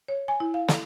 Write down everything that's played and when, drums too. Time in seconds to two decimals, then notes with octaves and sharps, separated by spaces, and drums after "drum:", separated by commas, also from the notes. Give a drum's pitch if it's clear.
0.08 C#5
0.28 G#5
0.40 E4
0.54 F5
0.68 A4, drum: snare